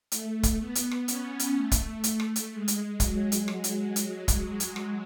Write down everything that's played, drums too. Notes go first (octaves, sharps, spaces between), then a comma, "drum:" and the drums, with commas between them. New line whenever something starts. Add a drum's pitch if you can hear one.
A3, drum: hi-hat
drum: kick, hi-hat
B3
drum: hi-hat
drum: rim click
C#4, drum: hi-hat
drum: hi-hat
A3
drum: kick, hi-hat
drum: hi-hat
drum: rim click
drum: hi-hat
G#3
drum: hi-hat
F#3, drum: kick, hi-hat
drum: hi-hat
drum: rim click
drum: hi-hat
drum: hi-hat
drum: kick, hi-hat
drum: hi-hat
drum: rim click